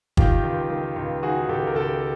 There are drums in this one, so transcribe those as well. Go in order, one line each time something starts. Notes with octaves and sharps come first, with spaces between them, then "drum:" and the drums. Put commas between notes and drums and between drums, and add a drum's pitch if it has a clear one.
D#3 F4 G4, drum: kick
C#2
D#3
C#2
D#3 F#4 G#4
G#4
C#2 G4 A4
A#4
C#2 G4 A4